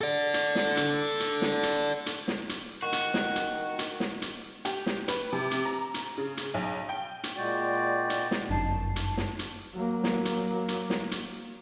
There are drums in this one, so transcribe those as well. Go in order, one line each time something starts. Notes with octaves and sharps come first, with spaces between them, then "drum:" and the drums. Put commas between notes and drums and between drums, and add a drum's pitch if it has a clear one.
A4 D5
drum: hi-hat
drum: snare
drum: hi-hat
drum: hi-hat
drum: snare
drum: hi-hat
drum: hi-hat
drum: snare
drum: hi-hat
D#3 F#4
drum: hi-hat
drum: snare
drum: hi-hat
drum: hi-hat
drum: snare
drum: hi-hat
G4, drum: hi-hat
drum: snare
B4, drum: hi-hat
C3
drum: hi-hat
A#5
drum: hi-hat
C#3
drum: hi-hat
B1
G5
drum: hi-hat
A#2 G#3 F#4 D5 G5
drum: hi-hat
drum: snare
G1 F#2 D#4 A5 C7
drum: hi-hat
drum: snare
drum: hi-hat
F#3 A#3
drum: snare
drum: hi-hat
drum: hi-hat
drum: snare
drum: hi-hat